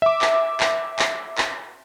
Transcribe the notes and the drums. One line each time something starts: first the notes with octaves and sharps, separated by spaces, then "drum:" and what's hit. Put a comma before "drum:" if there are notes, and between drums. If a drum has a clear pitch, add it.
E5 D6
drum: clap
drum: clap
drum: clap
drum: clap